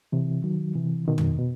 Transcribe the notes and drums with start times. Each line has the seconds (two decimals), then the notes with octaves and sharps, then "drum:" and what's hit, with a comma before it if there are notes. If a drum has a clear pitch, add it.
0.12 C3 E3
0.44 D#3 F#3
0.76 C3 E3
1.07 B2 D#3
1.18 drum: tom
1.39 B2